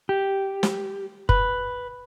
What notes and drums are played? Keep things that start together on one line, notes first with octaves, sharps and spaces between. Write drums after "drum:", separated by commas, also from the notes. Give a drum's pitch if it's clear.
G4
drum: snare
B4, drum: kick